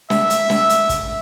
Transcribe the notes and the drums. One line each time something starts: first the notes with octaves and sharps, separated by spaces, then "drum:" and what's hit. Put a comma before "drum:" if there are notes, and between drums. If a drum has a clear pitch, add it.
E5, drum: snare
drum: hi-hat
drum: snare
drum: hi-hat
drum: kick, hi-hat